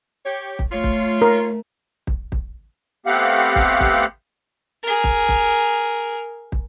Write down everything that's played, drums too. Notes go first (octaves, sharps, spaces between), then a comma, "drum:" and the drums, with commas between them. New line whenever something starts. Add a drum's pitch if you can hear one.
G4 C#5
drum: kick
A3 F4 C#5
drum: kick
A#4
drum: kick
drum: kick
A3 B3 C4 G4 F5 F#5
drum: kick
drum: kick
G#4 A#4
drum: kick
drum: kick
drum: kick